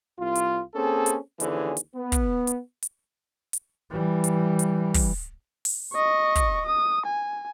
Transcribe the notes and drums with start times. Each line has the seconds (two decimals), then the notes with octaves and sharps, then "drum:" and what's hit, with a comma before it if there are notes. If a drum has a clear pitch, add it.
0.19 C2 F4
0.35 drum: hi-hat
0.75 A#3 C4 C#4 G#4 A4
1.06 drum: hi-hat
1.40 D#2 D3 E3 F3 C#4 G#4, drum: hi-hat
1.77 drum: hi-hat
1.95 B3
2.12 drum: kick, hi-hat
2.47 drum: hi-hat
2.83 drum: hi-hat
3.53 drum: hi-hat
3.91 E3 G3
4.24 drum: hi-hat
4.59 drum: hi-hat
4.94 drum: kick, open hi-hat
5.65 drum: open hi-hat
5.94 D#5 C#6
6.35 drum: kick, hi-hat
6.66 D#6
7.06 G#5